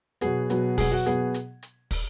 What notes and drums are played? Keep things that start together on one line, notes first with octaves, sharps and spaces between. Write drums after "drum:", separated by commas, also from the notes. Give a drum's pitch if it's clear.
B2 F#3 B3 G#4, drum: hi-hat
B2 F#3 B3, drum: hi-hat
B2 F#3 B3 G#4, drum: kick, open hi-hat
F#4
B2 F#3 B3 G#4, drum: hi-hat
drum: hi-hat
drum: hi-hat
drum: kick, open hi-hat